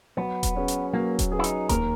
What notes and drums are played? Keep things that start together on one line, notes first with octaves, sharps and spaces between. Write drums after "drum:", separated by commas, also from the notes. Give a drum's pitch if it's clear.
F#3 B3
drum: kick D#1, hi-hat
C#4 G#4 B4
drum: hi-hat
F#3 A#3
drum: kick D#1, hi-hat
C#4 G#4 B4
E4
D#4, drum: hi-hat
D#2 A#4, drum: kick D#1, hi-hat